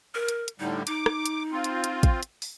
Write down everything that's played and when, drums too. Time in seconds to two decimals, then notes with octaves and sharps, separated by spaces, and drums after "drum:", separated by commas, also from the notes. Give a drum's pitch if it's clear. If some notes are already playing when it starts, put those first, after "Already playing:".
0.15 A#4
0.28 drum: hi-hat
0.48 drum: hi-hat
0.60 A2 D3 G3 D#4
0.87 D#4 D6, drum: hi-hat
1.06 drum: rim click
1.26 drum: hi-hat
1.52 C4 F4
1.64 drum: hi-hat
1.84 drum: hi-hat
2.03 drum: kick A1, hi-hat
2.23 drum: hi-hat
2.42 drum: open hi-hat